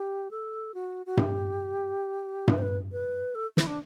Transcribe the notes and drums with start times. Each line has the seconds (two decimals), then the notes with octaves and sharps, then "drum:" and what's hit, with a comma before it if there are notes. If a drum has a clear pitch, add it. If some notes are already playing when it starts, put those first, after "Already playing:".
Already playing: G4
0.31 A4
0.74 F#4
1.06 F#4
1.17 G4, drum: tom G2
2.48 B4, drum: tom G2
2.58 C5
2.62 B4
2.92 B4
3.35 A4
3.57 E4, drum: snare
3.67 D4